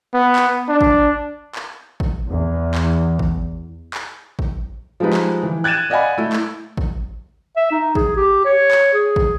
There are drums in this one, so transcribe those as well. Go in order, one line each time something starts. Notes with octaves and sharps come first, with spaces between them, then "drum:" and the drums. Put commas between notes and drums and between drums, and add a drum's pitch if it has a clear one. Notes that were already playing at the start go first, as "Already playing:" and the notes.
B3
drum: clap
D4
drum: kick
drum: clap
drum: kick
E2
drum: clap
drum: kick
drum: clap
drum: kick
F3 G3 G#3 D#4 B4
drum: clap
E3
F#6 G#6 A6 D#7 E7
D5 D#5 F5 F#5 G#5 B5
A3 E4
drum: clap
drum: kick
E5
D#4
G#4, drum: kick
G4
C#5
drum: clap
G#4
drum: kick